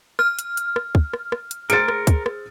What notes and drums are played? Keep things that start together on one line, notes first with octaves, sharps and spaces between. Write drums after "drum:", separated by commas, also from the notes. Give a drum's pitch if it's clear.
F6, drum: rim click
drum: hi-hat
drum: hi-hat
drum: rim click
drum: kick
drum: rim click
drum: rim click
drum: hi-hat
G#4 A#4 C5 A6 C#7 D7, drum: hi-hat
drum: rim click
drum: kick, hi-hat
drum: rim click